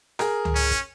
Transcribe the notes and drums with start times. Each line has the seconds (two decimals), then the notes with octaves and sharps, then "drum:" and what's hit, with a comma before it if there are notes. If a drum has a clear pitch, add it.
0.19 G#4 A#4, drum: rim click
0.45 drum: tom C#2
0.55 C#4
0.71 drum: kick, hi-hat